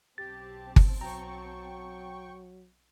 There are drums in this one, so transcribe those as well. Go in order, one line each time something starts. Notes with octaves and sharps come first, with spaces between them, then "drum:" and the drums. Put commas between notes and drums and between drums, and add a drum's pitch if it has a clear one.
B1 C4 G4 A5 A6
drum: kick G1
F#3 G5 A#5 C#6